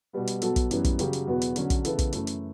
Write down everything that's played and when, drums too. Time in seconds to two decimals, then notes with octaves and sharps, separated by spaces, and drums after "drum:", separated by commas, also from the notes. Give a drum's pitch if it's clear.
0.13 B2 G3 B3
0.27 drum: hi-hat
0.42 B2 F#3 B3 F#4 A4, drum: hi-hat
0.56 drum: kick, hi-hat
0.71 F#2 E3 G3 B3, drum: hi-hat
0.84 drum: kick, hi-hat
0.99 C#3 F#3 C#4 G4, drum: hi-hat
1.13 drum: hi-hat
1.27 E2 B2 F#3 B3 F#4
1.41 drum: hi-hat
1.56 D3 F#3 C#4, drum: hi-hat
1.70 drum: kick, hi-hat
1.85 C#3 E3 B3 E4 A4, drum: hi-hat
1.99 drum: kick, hi-hat
2.13 F#2 E3 A3 E4, drum: hi-hat
2.27 drum: hi-hat